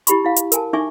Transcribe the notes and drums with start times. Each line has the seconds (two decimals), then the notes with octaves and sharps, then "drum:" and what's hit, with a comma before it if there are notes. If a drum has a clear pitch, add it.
0.07 E4 G4 B5 C#6, drum: hi-hat
0.24 E4 F5
0.36 drum: hi-hat
0.52 A#4 G#5 A5, drum: hi-hat
0.73 D4 D#4 E5 G#5 C#6 D6